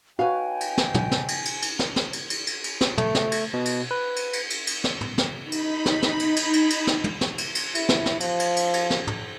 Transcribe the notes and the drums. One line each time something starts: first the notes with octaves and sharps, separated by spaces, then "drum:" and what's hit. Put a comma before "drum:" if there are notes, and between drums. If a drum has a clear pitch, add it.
D#4 F#4 B4 C#5 F5 G5 G#5
drum: cymbal
drum: snare
drum: tom
drum: snare
drum: cymbal
drum: cymbal
drum: cymbal
drum: snare
drum: snare
drum: cymbal
drum: cymbal
drum: cymbal
drum: cymbal
drum: snare
A3, drum: tom
drum: snare
drum: cymbal
B2
drum: cymbal
B4
drum: cymbal
drum: cymbal
drum: cymbal
drum: cymbal
drum: snare
drum: tom
drum: snare
D#4 B5
drum: cymbal
drum: snare
drum: snare
drum: cymbal
drum: cymbal
drum: cymbal
drum: cymbal
drum: snare
drum: tom
drum: snare
drum: cymbal
drum: cymbal
E4, drum: cymbal
drum: snare
drum: snare
F3, drum: cymbal
drum: cymbal
drum: cymbal
drum: cymbal
drum: snare
drum: tom